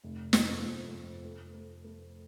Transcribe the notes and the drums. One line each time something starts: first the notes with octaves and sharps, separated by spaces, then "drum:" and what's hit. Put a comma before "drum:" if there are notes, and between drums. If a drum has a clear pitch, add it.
F1
F2, drum: snare
F2
F1
A3
A3
A3